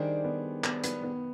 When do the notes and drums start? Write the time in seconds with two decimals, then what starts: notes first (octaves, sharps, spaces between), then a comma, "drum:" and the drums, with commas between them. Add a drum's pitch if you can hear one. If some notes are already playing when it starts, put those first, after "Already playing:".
Already playing: D#3 G3 D4 G#4 C5
0.24 B3
0.64 B3, drum: clap
0.84 B3, drum: hi-hat
1.03 B3